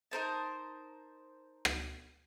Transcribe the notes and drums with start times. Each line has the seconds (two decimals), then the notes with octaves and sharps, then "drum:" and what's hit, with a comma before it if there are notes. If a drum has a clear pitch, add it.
0.11 D#4 A#4 C5 A5
1.65 drum: rim click